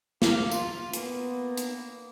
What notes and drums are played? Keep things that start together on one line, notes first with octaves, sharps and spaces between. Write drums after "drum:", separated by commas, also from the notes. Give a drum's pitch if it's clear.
A#3 F5, drum: snare
F4, drum: tambourine
A#3 B3, drum: hi-hat
drum: hi-hat